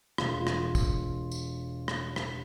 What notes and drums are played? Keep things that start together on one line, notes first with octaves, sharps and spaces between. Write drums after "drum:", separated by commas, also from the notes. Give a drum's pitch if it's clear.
E1 F4, drum: rim click
drum: rim click
drum: kick, tambourine
drum: tambourine
drum: rim click
drum: rim click